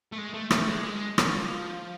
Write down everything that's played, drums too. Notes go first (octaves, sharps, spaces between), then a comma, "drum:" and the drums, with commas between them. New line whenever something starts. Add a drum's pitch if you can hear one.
A3
G#3
A3
A3, drum: rim click
G#3
G#3
drum: rim click
F3